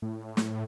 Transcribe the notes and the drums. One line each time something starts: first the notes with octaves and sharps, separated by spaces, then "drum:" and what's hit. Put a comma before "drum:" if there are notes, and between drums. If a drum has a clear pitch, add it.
A2
drum: snare